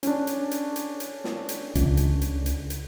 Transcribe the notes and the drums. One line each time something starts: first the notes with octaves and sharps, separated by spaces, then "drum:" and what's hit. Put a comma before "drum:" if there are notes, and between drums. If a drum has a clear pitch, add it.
C#4 D4, drum: hi-hat
drum: hi-hat
drum: hi-hat
drum: hi-hat
drum: hi-hat
drum: snare
drum: hi-hat
C#2, drum: hi-hat
drum: hi-hat
drum: hi-hat
drum: hi-hat
drum: hi-hat